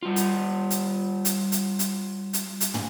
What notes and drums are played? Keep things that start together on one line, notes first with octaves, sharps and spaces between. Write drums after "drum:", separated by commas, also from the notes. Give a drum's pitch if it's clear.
G3 F4
drum: hi-hat
drum: hi-hat
drum: hi-hat
drum: hi-hat
drum: hi-hat
drum: hi-hat
drum: hi-hat
drum: tom